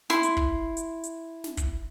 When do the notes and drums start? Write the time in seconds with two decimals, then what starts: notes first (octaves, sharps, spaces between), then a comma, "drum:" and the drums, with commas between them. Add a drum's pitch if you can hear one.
0.10 E4 C6, drum: snare
0.23 drum: hi-hat
0.37 drum: kick
0.77 drum: hi-hat
1.04 drum: hi-hat
1.44 drum: snare
1.57 drum: kick, hi-hat